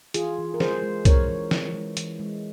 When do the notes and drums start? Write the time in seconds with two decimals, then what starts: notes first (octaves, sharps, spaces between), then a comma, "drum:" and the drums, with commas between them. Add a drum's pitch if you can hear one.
0.14 E3 F4 G#4, drum: hi-hat
0.38 E3
0.54 A#4
0.60 G#3 G#4 C5, drum: snare
0.83 G#3
1.05 C#4 A#4 C#5, drum: kick, hi-hat
1.29 E3
1.51 E3, drum: snare
1.74 G#3
1.97 E3, drum: hi-hat
2.19 G#3